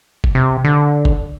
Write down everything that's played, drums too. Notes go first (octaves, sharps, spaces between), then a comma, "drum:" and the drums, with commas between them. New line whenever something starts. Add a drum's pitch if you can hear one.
drum: kick G1
C3
D3
drum: kick G1